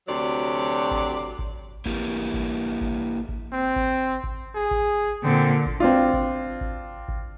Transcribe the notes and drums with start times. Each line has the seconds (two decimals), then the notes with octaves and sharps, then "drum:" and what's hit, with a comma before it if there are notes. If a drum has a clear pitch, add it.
0.08 D2 C3 F#3 D5
0.91 drum: kick G#1
1.39 drum: kick G#1
1.86 A#3 E4 G4, drum: kick G#1
2.34 drum: kick G#1
2.81 drum: kick G#1
3.29 drum: kick G#1
3.52 C4
3.76 drum: kick G#1
4.24 drum: kick G#1
4.55 G#4
4.71 drum: kick G#1
5.23 A#2 D3 C4
5.66 drum: kick G#1
5.80 C4 D4 F4
6.13 drum: kick G#1
6.61 drum: kick G#1
7.08 drum: kick G#1